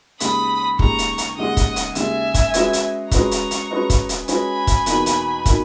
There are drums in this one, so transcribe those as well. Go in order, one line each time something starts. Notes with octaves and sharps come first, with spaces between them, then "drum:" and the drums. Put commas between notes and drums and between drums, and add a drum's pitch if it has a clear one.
D#2 C#3 G#3 B5 D#6, drum: hi-hat
D#2 C#3 G#3 A#5 C#6, drum: kick
drum: hi-hat
drum: hi-hat
D#2 C#3 G#3 D#5 F#5
drum: kick, hi-hat
drum: hi-hat
D#2 C#3 G#3 E5 G#5, drum: hi-hat
drum: kick, hi-hat
G#3 C#4 F#4 B4 D#5, drum: hi-hat
drum: hi-hat
G#3 C#4 F#4 B4 D#5 A#5 C#6, drum: kick, hi-hat
drum: hi-hat
drum: hi-hat
G#3 C#4 F#4 B4 D#5
drum: kick, hi-hat
drum: hi-hat
G#3 C#4 F#4 B4 D#5 G#5 B5, drum: hi-hat
drum: kick, hi-hat
E2 B2 A#3 D#4 F#4, drum: hi-hat
drum: hi-hat
B2 A#3 D#4 F#4, drum: kick, hi-hat